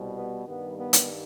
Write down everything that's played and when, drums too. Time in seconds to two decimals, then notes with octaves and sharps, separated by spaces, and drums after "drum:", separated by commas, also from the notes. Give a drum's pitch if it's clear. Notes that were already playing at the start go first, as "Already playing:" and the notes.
Already playing: C2 B2 G3
0.15 B3
0.47 G2 D#3 G3 B3
0.78 B3
0.93 drum: hi-hat